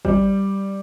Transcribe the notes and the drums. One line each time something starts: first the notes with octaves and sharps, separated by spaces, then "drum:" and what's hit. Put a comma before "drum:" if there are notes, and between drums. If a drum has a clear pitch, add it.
G3, drum: kick